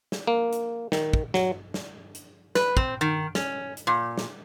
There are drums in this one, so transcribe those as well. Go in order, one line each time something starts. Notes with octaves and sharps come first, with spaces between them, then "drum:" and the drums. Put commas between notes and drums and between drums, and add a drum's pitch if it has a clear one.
drum: snare
A#3
drum: hi-hat
D#3, drum: snare
drum: kick
F#3, drum: snare
drum: snare
drum: hi-hat
B4, drum: snare
C4, drum: kick
D#3
C#4, drum: snare
drum: hi-hat
A#2
drum: snare